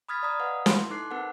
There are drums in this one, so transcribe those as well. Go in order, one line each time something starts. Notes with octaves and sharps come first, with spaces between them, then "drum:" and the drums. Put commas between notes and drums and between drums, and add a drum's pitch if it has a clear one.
B5 D#6 F6 G#6 A6 B6
D5 A#5 D#6
B4 D#5 F5 F#5
E4 C6, drum: snare
D#4 A4 D6 F#6 C7
C4 A#4 B4 F#5 A5